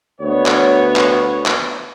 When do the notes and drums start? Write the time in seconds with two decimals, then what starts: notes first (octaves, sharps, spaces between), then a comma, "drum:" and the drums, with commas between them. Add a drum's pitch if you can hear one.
0.21 D2 B3 C#5
0.46 drum: clap
0.96 drum: clap
1.46 drum: clap